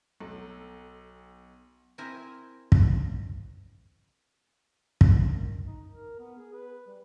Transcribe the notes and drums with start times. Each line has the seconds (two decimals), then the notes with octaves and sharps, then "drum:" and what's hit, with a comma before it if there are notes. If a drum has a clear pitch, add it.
0.20 B1 A4
1.98 C4 E4 A#4 D#5 G#5
2.72 drum: kick
5.01 drum: kick
5.24 D#3
5.64 D#4
5.91 A#4
6.19 B3
6.38 G#4
6.54 B4
6.87 G3